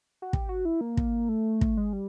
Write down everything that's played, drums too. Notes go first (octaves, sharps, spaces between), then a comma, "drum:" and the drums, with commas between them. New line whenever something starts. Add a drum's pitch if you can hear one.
F#4
G4, drum: kick
F#4
E4
A#3
drum: kick
A3
drum: kick
G#3
G3